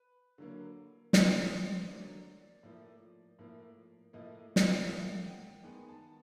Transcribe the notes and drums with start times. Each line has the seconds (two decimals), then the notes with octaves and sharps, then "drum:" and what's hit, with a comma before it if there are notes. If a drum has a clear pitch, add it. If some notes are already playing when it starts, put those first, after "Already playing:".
Already playing: B4
0.38 D3 F#3 A#3
1.13 D3 F#3 A#3 C5, drum: snare
1.51 C5
1.88 D3 F#3 A#3 D5
2.63 A2 F3 A#3
3.39 A2 F3 A#3
4.13 A2 F3 A#3 D#5
4.56 drum: snare
4.88 A2 F3 A#3 F#5
5.26 G5
5.63 D#3 G#3 B3 G#5
5.89 A5